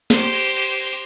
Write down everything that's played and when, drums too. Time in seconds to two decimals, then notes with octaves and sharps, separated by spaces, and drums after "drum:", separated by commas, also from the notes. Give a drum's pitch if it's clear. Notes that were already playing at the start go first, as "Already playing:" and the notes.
0.10 G4 C5, drum: snare
0.33 drum: cymbal
0.57 drum: cymbal
0.80 drum: cymbal